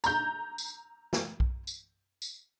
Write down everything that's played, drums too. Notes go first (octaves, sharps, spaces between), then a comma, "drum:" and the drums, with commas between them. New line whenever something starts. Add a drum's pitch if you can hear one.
A#5 G6, drum: tambourine
drum: tambourine
drum: snare
drum: kick B1
drum: tambourine
drum: tambourine